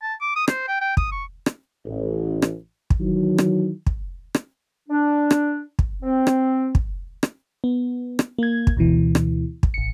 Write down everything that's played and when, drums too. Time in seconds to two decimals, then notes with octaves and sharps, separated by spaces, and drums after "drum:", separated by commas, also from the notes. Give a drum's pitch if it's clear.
0.02 A5
0.21 D6
0.36 D#6
0.48 C5, drum: rim click
0.68 G5
0.81 G5
0.97 D#6, drum: kick
1.12 C#6
1.46 drum: rim click
1.86 A1
2.42 drum: rim click
2.90 drum: kick
3.00 D#3 E3 F#3
3.38 drum: rim click
3.86 drum: kick
4.35 drum: rim click
4.89 D4
5.31 drum: rim click
5.79 drum: kick
6.03 C4
6.27 drum: rim click
6.75 drum: kick
7.23 drum: rim click
7.64 B3
8.19 drum: rim click
8.38 A#3 G#6
8.67 drum: kick
8.77 D2 B2 E3
9.15 drum: rim click
9.63 drum: kick
9.74 A1 C#7